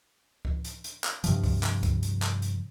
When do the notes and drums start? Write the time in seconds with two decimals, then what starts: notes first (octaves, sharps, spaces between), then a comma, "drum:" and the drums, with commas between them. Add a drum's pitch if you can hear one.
0.45 drum: kick C#2
0.65 drum: hi-hat
0.84 drum: hi-hat
1.04 drum: clap
1.24 G2 C3 F3, drum: hi-hat
1.43 drum: kick C#2, open hi-hat
1.63 drum: clap
1.83 drum: kick C#2, hi-hat
2.03 drum: hi-hat
2.22 drum: clap
2.42 drum: hi-hat